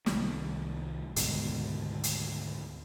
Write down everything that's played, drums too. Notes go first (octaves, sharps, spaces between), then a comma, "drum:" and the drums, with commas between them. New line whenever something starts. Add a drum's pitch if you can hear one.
C2 D#3 G3, drum: snare
D2 G#2 B2 D#3, drum: hi-hat
drum: hi-hat